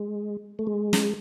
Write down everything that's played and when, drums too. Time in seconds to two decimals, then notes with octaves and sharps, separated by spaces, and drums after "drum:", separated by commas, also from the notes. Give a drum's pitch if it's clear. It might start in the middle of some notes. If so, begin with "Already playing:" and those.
Already playing: G#3
0.59 A3
0.67 G#3
0.93 drum: snare